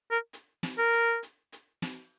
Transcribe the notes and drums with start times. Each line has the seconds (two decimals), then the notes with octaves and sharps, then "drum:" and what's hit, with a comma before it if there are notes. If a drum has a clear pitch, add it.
0.11 A#4
0.33 drum: hi-hat
0.63 drum: snare
0.78 A#4
0.93 drum: hi-hat
1.23 drum: hi-hat
1.53 drum: hi-hat
1.82 drum: snare